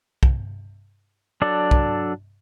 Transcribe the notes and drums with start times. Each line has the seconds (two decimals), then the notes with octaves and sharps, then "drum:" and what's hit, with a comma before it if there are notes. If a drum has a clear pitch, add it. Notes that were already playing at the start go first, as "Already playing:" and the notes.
0.23 drum: kick
1.42 F#3 D4 A4 D5
1.71 drum: kick